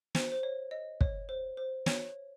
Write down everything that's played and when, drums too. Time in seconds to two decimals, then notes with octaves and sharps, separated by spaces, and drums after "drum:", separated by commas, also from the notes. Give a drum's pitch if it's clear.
0.15 C5, drum: snare
0.32 C5
0.43 C#5
0.71 D#5
1.01 C#5, drum: kick
1.29 C5
1.57 C5
1.86 C#5, drum: snare